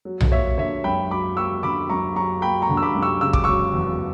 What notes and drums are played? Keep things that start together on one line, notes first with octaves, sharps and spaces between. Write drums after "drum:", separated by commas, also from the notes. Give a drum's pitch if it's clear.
F#3
drum: tom B1
A#3 C#5 E5
D3 C#5 E5
F#2 G5 B5
F#3 B5 D6
A#3 C#6 E6
D3 B5 D6
F#2 A#5 C#6
F#3 A#5 C#6
A#3 G5 B5
A#5 C#6
D3
E6
B5 D6
F#2
C#6 E6
C#3 E6
D6, drum: kick
F#3 C#6 E6
E2